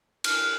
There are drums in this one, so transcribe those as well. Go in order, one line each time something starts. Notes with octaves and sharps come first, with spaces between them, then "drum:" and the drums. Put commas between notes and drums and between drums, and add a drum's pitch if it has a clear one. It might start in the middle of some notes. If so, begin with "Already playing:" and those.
F6, drum: cymbal